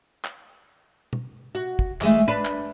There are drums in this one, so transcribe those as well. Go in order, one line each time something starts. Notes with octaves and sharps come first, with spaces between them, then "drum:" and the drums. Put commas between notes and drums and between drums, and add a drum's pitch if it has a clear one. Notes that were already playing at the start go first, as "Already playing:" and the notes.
drum: clap
drum: tom B2
F#4
drum: kick
E3 G#3 A3, drum: clap
D4 B4
drum: clap